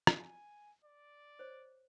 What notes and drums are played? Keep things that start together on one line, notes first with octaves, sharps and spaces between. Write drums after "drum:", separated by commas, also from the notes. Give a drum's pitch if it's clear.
drum: rim click
G#5
D5
C5 C#5